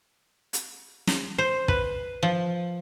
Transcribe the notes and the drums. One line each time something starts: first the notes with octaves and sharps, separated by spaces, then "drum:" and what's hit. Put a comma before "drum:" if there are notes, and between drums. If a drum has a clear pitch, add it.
drum: hi-hat
drum: snare
C5
B4, drum: kick
F3